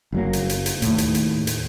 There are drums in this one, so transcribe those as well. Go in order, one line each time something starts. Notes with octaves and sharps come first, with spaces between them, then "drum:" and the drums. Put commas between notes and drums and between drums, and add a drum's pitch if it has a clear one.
F#1 F#3 A#3
drum: hi-hat
drum: hi-hat
drum: hi-hat
D#2 A2, drum: hi-hat
drum: hi-hat
drum: hi-hat
drum: hi-hat